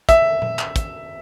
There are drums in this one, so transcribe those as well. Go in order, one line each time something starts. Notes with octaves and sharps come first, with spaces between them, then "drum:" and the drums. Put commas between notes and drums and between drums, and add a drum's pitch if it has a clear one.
E5, drum: kick, hi-hat
drum: tom A#2
drum: clap
drum: kick, hi-hat